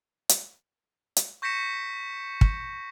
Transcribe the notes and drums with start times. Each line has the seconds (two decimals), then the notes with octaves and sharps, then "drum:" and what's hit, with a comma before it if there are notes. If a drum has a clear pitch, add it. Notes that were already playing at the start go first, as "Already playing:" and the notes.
0.29 drum: hi-hat
1.17 drum: hi-hat
1.42 C#6 G6 A#6 B6 C#7 E7
2.41 drum: kick